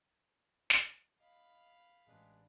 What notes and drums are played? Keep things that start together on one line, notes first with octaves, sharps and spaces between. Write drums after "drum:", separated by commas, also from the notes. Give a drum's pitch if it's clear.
drum: snare
D#5 F5 B5
A1 G#3 D4 B4